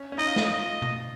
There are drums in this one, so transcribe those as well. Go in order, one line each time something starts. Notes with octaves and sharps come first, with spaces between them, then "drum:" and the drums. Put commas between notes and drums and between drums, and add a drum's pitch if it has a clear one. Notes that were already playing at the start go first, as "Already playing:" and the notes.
Already playing: C#4
C#4
D#4 D#5
F4
D#4, drum: snare A3
F4 D#5
drum: tom B2